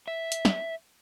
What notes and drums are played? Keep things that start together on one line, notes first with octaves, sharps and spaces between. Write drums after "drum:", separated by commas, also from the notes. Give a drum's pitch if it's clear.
E5
drum: hi-hat
drum: snare